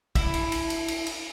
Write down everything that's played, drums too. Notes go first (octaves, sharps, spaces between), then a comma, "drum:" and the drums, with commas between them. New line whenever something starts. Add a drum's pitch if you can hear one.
E4, drum: kick, cymbal
drum: cymbal
drum: cymbal
drum: cymbal
drum: cymbal
drum: cymbal